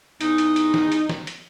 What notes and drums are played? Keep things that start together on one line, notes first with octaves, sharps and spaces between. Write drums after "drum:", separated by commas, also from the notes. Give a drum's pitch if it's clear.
E2 D#4, drum: hi-hat
drum: hi-hat
drum: hi-hat
drum: snare
drum: hi-hat
drum: snare
drum: hi-hat